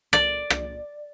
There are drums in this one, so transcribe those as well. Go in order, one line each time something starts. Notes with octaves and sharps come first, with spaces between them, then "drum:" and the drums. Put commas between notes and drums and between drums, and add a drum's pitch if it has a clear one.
D5, drum: rim click
drum: rim click